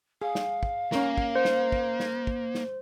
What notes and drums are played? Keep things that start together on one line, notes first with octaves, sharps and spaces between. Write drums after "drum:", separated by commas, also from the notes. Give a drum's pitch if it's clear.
G#4 F5
drum: snare
drum: kick
A#3 C#4 A#4, drum: snare
drum: kick
C5
drum: snare
drum: kick
drum: snare
drum: kick
drum: snare